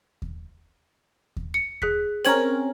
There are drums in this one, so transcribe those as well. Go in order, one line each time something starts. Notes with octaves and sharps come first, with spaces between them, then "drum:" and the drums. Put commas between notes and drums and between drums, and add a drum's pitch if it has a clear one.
drum: kick D#2
drum: kick D#2
C#7
G#4 F#6 B6, drum: kick D#2
C4 C#4 A#4 G#6 F#7, drum: hi-hat